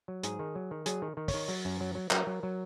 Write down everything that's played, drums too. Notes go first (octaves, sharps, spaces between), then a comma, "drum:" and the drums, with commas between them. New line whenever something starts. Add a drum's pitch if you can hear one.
F#3
G#2 G#4, drum: hi-hat
D#3
F#3
D#3
F#3 G#4, drum: hi-hat
D#3
D#3
C#5, drum: kick, open hi-hat
D#3
F#3, drum: open hi-hat
F#2
F#3
F#3
F#3 A#4, drum: clap
F#3
F#3